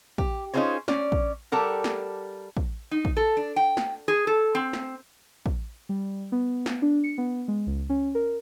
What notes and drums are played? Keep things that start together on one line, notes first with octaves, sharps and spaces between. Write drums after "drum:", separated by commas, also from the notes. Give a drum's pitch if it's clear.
G4, drum: kick
C#4 D#4 F4 G#4 C5 C#5
C#4 D5, drum: snare
drum: kick
G3 G4 A4 A#4 F#5
drum: snare
drum: kick
D#4
drum: kick
A4
D4
G5
drum: snare
G#4
A4
C4
drum: snare
drum: kick
G3
B3
drum: snare
D4
C#7
B3
G#3
C#2
C#4
A#4